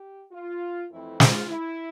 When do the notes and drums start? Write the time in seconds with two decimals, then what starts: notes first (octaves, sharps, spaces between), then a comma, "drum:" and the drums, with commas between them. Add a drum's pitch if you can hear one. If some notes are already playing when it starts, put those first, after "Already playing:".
Already playing: G4
0.32 F4
0.91 F2 E3 A3 C4 E4
1.20 F4, drum: snare
1.49 E4